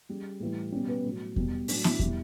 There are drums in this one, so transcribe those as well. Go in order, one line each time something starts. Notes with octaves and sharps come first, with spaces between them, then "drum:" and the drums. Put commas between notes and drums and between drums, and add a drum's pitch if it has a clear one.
C#3 G3
A2 E3 G3
B2 G3 C#4
B3
A2 F#3
B2 G3, drum: kick E2
A2 F#3 D4, drum: open hi-hat
E4, drum: snare B3
B2 G3 E4, drum: kick E2